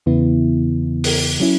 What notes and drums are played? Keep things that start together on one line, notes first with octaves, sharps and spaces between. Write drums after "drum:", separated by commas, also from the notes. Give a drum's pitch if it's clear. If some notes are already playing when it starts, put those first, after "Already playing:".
E2 C#3 E3 B3 E4
drum: open hi-hat
F#3 C#4 E4